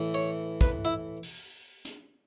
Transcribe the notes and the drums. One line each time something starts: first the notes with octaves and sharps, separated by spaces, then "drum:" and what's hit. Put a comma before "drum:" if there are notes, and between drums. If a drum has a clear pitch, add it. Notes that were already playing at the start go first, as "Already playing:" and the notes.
Already playing: A2 E3
C#5
B4, drum: kick, hi-hat
E4
drum: open hi-hat
drum: hi-hat